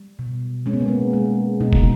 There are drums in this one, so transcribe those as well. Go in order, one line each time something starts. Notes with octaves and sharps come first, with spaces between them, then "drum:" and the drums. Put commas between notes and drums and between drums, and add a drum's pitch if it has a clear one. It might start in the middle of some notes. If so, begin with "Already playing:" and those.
Already playing: G3
B2
G#3 C#4
B3
A#3
B3
G#3
B2 D#4
drum: kick E1